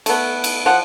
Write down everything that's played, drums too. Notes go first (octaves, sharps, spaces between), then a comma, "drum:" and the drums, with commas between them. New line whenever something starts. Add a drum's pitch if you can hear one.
A3 B3, drum: cymbal
drum: cymbal
F3 F#5